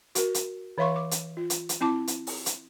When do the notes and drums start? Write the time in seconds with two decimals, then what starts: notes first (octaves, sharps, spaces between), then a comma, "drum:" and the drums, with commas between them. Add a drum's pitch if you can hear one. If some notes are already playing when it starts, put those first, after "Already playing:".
0.15 F#4 A#4, drum: hi-hat
0.34 drum: hi-hat
0.78 E3 C#5 E5 F5 C6 C#6
0.96 D6
1.11 drum: hi-hat
1.37 F4
1.50 drum: hi-hat
1.69 drum: hi-hat
1.81 C4 E4 A5 D6
2.07 drum: hi-hat
2.27 drum: open hi-hat
2.46 drum: hi-hat